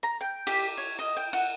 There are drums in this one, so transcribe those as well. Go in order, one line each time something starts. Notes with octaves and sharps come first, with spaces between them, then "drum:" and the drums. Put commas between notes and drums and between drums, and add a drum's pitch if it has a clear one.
A#5
G5
G4, drum: cymbal
C#5
D#5
G5
F#5, drum: cymbal